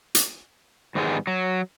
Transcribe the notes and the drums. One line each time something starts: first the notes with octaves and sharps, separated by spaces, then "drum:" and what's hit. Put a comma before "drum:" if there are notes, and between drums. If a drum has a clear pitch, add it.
drum: hi-hat
G#2 D#3 G3 G#3 B3 G#4
F#3